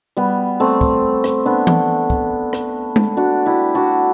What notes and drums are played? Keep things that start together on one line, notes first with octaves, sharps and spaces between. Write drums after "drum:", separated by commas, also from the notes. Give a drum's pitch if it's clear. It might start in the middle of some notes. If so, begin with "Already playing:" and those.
G3 B3
A3 C4
drum: kick
drum: rim click
B3 D4
drum: tom E3
drum: kick
drum: rim click
drum: tom G#3
D4 F#4
E4 G4
D4 F#4